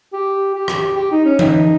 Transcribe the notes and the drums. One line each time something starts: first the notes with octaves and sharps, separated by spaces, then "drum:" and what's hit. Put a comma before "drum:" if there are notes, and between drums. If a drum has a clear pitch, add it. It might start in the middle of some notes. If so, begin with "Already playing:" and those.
G4
G4
drum: rim click
G4
D#4
C#4
D#4, drum: tom E3